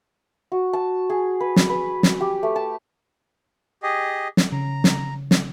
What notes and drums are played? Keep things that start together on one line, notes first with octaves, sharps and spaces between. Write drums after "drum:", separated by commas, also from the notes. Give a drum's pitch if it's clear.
F#4
A5
G#4
B4
drum: snare
B4
drum: snare
G4
A3
A5
G4 G#4 D#5
drum: snare
C#3 A#5
drum: snare
drum: snare